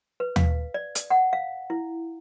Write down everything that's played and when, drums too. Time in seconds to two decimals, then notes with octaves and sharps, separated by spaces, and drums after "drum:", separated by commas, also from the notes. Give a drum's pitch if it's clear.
0.20 B4
0.36 F5, drum: tom D#2
0.74 D5
0.95 drum: hi-hat
1.10 F#5
1.33 F5
1.70 E4